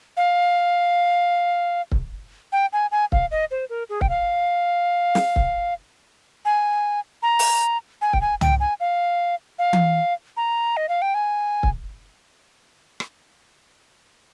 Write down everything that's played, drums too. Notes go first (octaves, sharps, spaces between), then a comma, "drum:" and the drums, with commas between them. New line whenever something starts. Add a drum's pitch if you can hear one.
F5
drum: kick C#1
G5
G#5
G#5
F5, drum: kick C#1
D#5
C5
A#4
G#4
G5, drum: kick C#1
F5
drum: snare
drum: kick C#1
G#5
A#5
drum: open hi-hat
G#5
G5, drum: kick C#1
G#5
G5, drum: tom
G#5
F5
F5
drum: tom E3
A#5
D#5
F5
G5
G#5
drum: kick C#1
drum: rim click